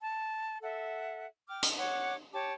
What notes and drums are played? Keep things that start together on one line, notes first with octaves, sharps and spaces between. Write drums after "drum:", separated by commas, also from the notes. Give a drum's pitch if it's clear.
A5
A4 E5 F#5
G5 D6 F6
drum: hi-hat
C#5 F#5 D6
G4 C#5 A5 D6